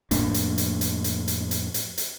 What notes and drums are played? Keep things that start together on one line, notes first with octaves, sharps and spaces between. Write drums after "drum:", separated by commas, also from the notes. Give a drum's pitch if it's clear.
F2 A2 A#3 D4, drum: hi-hat
drum: hi-hat
drum: hi-hat
drum: hi-hat
drum: hi-hat
drum: hi-hat
drum: hi-hat
drum: hi-hat
drum: hi-hat